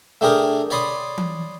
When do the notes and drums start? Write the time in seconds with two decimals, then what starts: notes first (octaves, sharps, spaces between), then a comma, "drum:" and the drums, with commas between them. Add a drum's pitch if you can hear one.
0.21 A3 D4 G4 G#4 A#4
0.70 C#5 D5 B5 C6 D#6
1.18 drum: tom E3